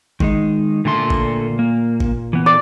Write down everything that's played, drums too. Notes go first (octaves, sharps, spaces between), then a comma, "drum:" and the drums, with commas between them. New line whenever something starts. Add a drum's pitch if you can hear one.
D#3 G#3 D#4, drum: kick G#1
A#2 D3 A3 A4 C6
drum: kick G#1
A#3
drum: kick G#1
E3 B3
D5